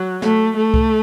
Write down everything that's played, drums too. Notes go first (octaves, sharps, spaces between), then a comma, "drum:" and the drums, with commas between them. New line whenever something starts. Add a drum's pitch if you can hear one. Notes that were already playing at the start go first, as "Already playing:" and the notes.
Already playing: F#3
A3, drum: snare
A3
drum: kick C2